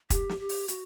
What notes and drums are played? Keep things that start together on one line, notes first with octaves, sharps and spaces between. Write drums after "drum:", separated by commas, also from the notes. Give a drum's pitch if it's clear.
G4, drum: kick, hi-hat
drum: snare
G4
drum: open hi-hat
F#4, drum: hi-hat